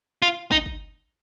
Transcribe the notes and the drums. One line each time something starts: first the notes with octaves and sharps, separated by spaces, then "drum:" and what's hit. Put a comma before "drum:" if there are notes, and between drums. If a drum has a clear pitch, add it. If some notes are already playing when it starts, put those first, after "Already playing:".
F4
D#4, drum: kick
drum: kick